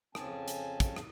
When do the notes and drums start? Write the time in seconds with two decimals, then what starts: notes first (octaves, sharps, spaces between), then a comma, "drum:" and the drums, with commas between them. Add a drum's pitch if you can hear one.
0.15 F2 C#3 C4 C#4 G#5 A5, drum: rim click
0.48 drum: hi-hat
0.80 drum: kick, hi-hat
0.96 drum: rim click